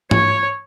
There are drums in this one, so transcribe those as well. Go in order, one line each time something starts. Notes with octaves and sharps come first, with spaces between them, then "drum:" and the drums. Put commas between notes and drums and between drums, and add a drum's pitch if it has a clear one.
C#5, drum: tom